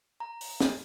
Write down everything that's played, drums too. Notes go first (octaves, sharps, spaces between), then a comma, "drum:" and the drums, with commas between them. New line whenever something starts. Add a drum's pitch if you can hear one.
A#5
drum: open hi-hat
drum: snare